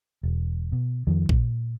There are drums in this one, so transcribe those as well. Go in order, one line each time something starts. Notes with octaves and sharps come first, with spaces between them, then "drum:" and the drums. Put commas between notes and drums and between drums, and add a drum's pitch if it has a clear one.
E1
B2
F2 D#3 F3
A#2, drum: kick A1